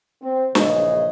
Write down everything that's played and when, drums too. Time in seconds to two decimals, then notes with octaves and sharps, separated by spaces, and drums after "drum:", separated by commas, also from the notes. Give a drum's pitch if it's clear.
0.22 C4
0.55 A#1 C#3 E3 D#5, drum: snare